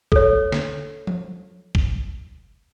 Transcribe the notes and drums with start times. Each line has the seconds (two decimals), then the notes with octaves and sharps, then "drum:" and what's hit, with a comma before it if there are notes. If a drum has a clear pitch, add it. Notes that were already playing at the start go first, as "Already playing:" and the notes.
0.12 A4 C#5, drum: kick
0.52 drum: snare
1.07 drum: tom F3
1.75 drum: kick